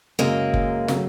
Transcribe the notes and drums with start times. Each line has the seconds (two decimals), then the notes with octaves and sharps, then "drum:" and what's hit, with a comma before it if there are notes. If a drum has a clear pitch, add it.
0.19 F#2 C#3 F#3 G#3 A#3
0.54 drum: kick F#1
0.88 C#3 F#3 A3, drum: snare